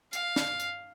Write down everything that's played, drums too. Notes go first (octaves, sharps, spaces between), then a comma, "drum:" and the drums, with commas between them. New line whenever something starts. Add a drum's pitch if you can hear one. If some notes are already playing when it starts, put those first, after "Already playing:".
F5, drum: hi-hat
drum: snare
drum: hi-hat